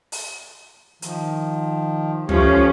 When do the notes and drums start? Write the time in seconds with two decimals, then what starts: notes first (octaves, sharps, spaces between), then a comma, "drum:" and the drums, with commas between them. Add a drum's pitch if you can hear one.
0.12 drum: open hi-hat
1.02 D#3 F3, drum: hi-hat
2.29 F3 A3 C#4 G4 C#5 F5, drum: tom